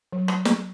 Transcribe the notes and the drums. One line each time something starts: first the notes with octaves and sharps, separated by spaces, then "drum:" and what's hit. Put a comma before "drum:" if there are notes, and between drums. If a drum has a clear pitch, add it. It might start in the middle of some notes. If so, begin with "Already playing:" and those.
F#3
drum: rim click
drum: snare